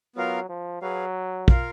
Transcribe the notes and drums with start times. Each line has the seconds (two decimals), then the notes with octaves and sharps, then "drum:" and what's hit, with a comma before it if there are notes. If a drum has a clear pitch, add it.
0.16 F#3 B3 F4 A#4 F5
0.49 F3
0.82 F#3 G#4 B4 F5
1.48 F4 A#4 F5, drum: kick